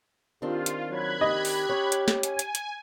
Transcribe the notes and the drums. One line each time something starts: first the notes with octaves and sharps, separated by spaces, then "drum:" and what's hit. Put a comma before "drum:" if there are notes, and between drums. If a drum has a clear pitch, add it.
D#3 C4 D4 F4 G4
drum: hi-hat
F#3 B5 F#6 G#6
G4 D#5
drum: open hi-hat
C#4 C#5
drum: hi-hat
drum: snare
G#5, drum: hi-hat
drum: hi-hat
drum: hi-hat